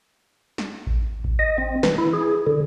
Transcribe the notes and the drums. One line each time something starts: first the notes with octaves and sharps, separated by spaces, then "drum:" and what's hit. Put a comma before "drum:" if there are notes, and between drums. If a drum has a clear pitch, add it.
drum: snare
drum: kick A1
drum: kick A1
D#5
C4
E3, drum: snare
E4
G#4
D3